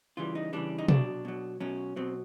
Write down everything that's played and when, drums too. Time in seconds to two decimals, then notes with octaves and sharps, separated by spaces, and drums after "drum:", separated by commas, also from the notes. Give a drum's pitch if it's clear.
0.17 C#3 E3 G3 F4
0.35 D#4
0.53 C#3 E3 G3 D4
0.78 D#4
0.88 B2 F#3 D4, drum: tom
1.25 B2 F#3
1.60 B2 F#3 C#4
1.96 B2 F#3 C4